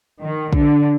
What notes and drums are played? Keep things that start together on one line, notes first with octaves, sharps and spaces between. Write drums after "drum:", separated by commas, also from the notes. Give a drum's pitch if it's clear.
D#3
D3, drum: kick